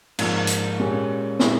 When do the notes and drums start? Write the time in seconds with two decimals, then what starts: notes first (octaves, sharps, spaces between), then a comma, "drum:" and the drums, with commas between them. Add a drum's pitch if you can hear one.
0.19 G#2 F3 A#3, drum: cymbal
0.47 drum: hi-hat
0.79 A#2 G#3 C#4 G4
1.39 A#2 G#3 E4, drum: snare